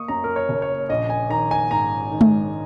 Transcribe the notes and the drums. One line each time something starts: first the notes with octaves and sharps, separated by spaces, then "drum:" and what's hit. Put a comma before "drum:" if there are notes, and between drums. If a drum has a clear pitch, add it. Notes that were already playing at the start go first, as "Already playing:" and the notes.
Already playing: A#3 C#6 D#6
F#2 A#5
A#4
C#5
F#1
C#5
A#1 D#5
G#5
D#3 A#5
G#5
G#2 A#5
D#3
drum: tom G#3